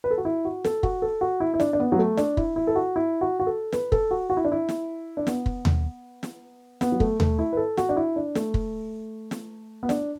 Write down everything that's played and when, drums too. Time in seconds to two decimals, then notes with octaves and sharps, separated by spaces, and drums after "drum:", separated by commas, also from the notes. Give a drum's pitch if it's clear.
0.04 B4
0.11 A4
0.18 F#4
0.25 E4
0.45 F#4
0.64 A4, drum: snare
0.83 F#4, drum: kick
1.02 A4
1.21 F#4
1.40 E4
1.54 E4
1.60 D4, drum: snare
1.73 D4
1.80 B3
1.92 F#3
1.99 A3
2.17 D4, drum: snare
2.37 E4, drum: kick
2.56 E4
2.67 A4
2.75 F#4
2.96 E4
3.21 F#4
3.40 F#4
3.46 A4
3.72 B4, drum: snare
3.92 A4, drum: kick
4.11 F#4
4.30 F#4
4.37 E4
4.45 D4
4.52 E4
4.69 drum: snare
5.17 D4
5.27 B3, drum: snare
5.46 drum: kick
5.65 drum: tom D#2
6.23 drum: snare
6.81 B3, drum: snare
6.92 F#3
7.00 A3, drum: kick
7.20 A3, drum: tom D#2
7.39 E4
7.53 B4
7.57 A4
7.77 F#4, drum: snare
7.89 D4
7.96 E4
8.16 D4
8.35 A3, drum: snare
8.54 drum: kick
9.31 drum: snare
9.83 B3
9.89 D4, drum: snare